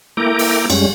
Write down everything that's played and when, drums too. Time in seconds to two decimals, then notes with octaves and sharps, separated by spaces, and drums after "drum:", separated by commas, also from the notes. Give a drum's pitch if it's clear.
0.17 A3 A#3 E4 G5 A#5 D6
0.39 drum: open hi-hat
0.70 F#2 G3 G#3 C#4, drum: cymbal